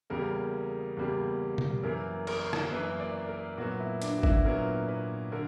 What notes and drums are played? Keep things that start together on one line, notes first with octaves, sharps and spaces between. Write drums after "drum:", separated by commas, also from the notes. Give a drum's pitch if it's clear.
E2 C#3 G3 A#3 A#4
E2 C#3 G3 A#3
drum: tom
F#2 E3 A#3 A#4
A#4, drum: cymbal
drum: rim click
F#2 E3 A#3 B4
D5
A#4
A#2 F#3 B3 F#4
E4
D4, drum: hi-hat
F#4
E4, drum: kick G#1
A#2 F#3 B3 A#4
B4
D3 A#4